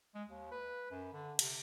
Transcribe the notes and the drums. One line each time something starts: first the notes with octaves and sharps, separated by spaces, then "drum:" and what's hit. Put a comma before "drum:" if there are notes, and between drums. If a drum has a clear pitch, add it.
G#3
D#2
B4
F#2
D3
C3, drum: cymbal